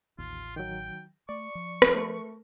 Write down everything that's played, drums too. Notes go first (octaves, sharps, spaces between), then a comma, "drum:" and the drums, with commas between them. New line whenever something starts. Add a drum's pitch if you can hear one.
A1 D#2 F4
D#3 F#3 G5
A3 D5 C#6
F3
drum: rim click
A3 A#4